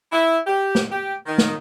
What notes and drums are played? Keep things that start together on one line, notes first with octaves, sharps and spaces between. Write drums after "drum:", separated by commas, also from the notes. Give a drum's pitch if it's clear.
E4
G4
drum: snare
G4
D#3
drum: snare